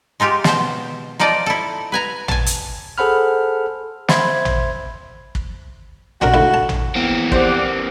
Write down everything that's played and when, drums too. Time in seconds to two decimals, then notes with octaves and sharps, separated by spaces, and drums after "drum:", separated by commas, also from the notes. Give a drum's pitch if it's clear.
0.20 G#3 D#4 F4 G4
0.44 B2 C5, drum: snare
1.19 F3 D#4 F4 D5 D#5
1.46 E4 A4
1.92 B4 G#5 A#5
2.28 G#5 A5, drum: tom A1
2.46 drum: hi-hat
2.98 G#4 A4 C5 F#5 B5 F6
4.08 C5 E5 B5 C6 G#6, drum: snare
4.45 drum: tom A1
5.35 drum: kick
6.21 C4 D4 F#4 A#4, drum: tom A1
6.34 D2 E4
6.54 A5
6.69 drum: tom A1
6.95 E2 A#3 C4
7.32 G4 C5 D5 F#5, drum: kick